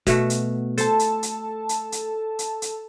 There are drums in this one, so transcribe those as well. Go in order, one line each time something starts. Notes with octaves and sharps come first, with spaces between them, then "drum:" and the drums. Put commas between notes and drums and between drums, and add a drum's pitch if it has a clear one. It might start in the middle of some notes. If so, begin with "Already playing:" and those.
B2 A3 F#4, drum: kick, hi-hat
drum: hi-hat
A4 C5 A5, drum: hi-hat
drum: hi-hat
drum: hi-hat
drum: hi-hat
drum: hi-hat
drum: hi-hat
drum: hi-hat